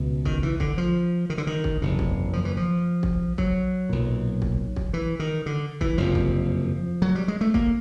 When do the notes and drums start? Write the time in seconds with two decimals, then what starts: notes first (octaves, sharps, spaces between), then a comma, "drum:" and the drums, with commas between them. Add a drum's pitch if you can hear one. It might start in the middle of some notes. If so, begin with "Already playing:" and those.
Already playing: C#2 B2
0.25 D#3, drum: kick
0.43 E3
0.60 D3, drum: kick
0.78 F3
1.30 D#3
1.38 D3
1.47 D#3
1.64 drum: kick
1.82 F#1 E2 C3
1.99 drum: kick
2.33 F3
2.45 E3
2.57 F3
3.03 drum: kick
3.38 F#3, drum: kick
3.89 B1 A#2
4.42 drum: kick
4.76 drum: kick
4.94 E3
5.19 D#3
5.46 D3
5.81 E3, drum: kick
5.98 F#1 F2 C3 F3
6.15 drum: kick
7.02 F#3
7.15 G3
7.28 G#3
7.41 A3
7.54 A#3, drum: kick